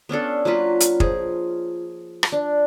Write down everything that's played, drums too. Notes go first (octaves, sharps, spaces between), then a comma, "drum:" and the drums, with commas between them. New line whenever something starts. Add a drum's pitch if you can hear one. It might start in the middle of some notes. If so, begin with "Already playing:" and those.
B3 C#4 D4 A4
F#3 A#3 F4 B4
drum: hi-hat
F3 G#4, drum: kick
drum: rim click
D4